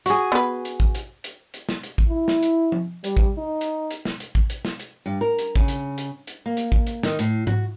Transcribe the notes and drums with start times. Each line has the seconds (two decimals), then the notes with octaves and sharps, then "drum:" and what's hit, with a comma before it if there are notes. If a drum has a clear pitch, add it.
0.06 F#4 G#4, drum: hi-hat
0.32 B3 B4
0.65 drum: hi-hat
0.80 drum: kick
0.95 drum: hi-hat
1.24 drum: hi-hat
1.54 drum: hi-hat
1.69 drum: snare
1.83 drum: hi-hat
1.98 drum: kick
2.08 E4
2.28 drum: snare
2.43 drum: hi-hat
2.72 drum: tom
3.04 G3, drum: hi-hat
3.17 drum: kick
3.38 D#4
3.61 drum: hi-hat
3.91 drum: hi-hat
4.05 drum: snare
4.20 drum: hi-hat
4.35 drum: kick
4.50 drum: hi-hat
4.65 drum: snare
4.79 drum: hi-hat
5.06 G2
5.21 A#4
5.39 drum: hi-hat
5.56 C#3, drum: kick
5.68 drum: hi-hat
5.98 drum: hi-hat
6.27 drum: hi-hat
6.46 A#3
6.57 drum: hi-hat
6.72 drum: kick
6.87 drum: hi-hat
7.03 D#3, drum: snare
7.19 A2, drum: hi-hat
7.47 F#4, drum: tom G#2